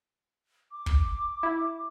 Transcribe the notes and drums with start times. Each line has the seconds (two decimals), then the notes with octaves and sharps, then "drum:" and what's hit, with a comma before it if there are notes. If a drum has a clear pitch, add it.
0.72 D6
0.86 drum: kick
1.43 E4